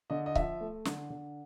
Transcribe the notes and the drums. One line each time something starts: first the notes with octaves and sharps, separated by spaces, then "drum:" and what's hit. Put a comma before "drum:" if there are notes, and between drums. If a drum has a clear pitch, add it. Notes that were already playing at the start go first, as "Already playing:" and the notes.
D3 D#5
D#5
F3 E5, drum: kick C#1
A3
D3, drum: snare
D3